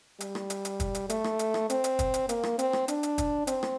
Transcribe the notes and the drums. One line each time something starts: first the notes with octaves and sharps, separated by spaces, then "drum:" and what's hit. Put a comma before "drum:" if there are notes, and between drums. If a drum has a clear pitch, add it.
G3, drum: hi-hat
drum: rim click
drum: hi-hat
drum: hi-hat
drum: kick, hi-hat
drum: hi-hat
A3, drum: hi-hat
drum: rim click
drum: hi-hat
drum: rim click
C4, drum: hi-hat
drum: hi-hat
drum: kick, hi-hat
drum: hi-hat
A#3, drum: hi-hat
drum: rim click
C4, drum: hi-hat
drum: rim click
D4, drum: hi-hat
drum: hi-hat
drum: kick, hi-hat
C4, drum: hi-hat
drum: rim click